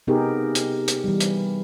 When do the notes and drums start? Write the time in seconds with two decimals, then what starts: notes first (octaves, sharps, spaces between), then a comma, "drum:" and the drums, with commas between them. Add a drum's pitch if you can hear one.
0.07 C3 B3 D#4 G4 G#4 A#4
0.55 drum: hi-hat
0.88 drum: hi-hat
1.04 E3 G3
1.20 drum: hi-hat